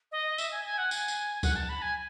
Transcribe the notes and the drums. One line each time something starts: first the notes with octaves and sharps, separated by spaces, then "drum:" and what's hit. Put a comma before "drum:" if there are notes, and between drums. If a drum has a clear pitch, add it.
D#5
E5, drum: tambourine
G#5
G#5
F#5
G#5, drum: tambourine
drum: tambourine
F#5, drum: kick C#2, tambourine
A5
B5
G#5